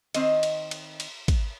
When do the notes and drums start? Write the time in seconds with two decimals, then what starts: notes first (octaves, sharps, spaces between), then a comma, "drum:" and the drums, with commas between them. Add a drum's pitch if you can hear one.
0.15 D#3 C4 D#5, drum: cymbal
0.43 drum: cymbal
0.71 drum: cymbal
1.00 drum: cymbal
1.28 drum: kick, cymbal